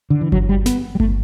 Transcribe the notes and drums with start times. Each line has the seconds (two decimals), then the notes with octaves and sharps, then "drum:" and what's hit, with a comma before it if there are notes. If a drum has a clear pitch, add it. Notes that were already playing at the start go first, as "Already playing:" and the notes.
0.10 D3
0.21 E3
0.32 F#3, drum: kick G1
0.49 G3
0.66 B3, drum: snare
0.95 G3
1.00 A3, drum: kick G1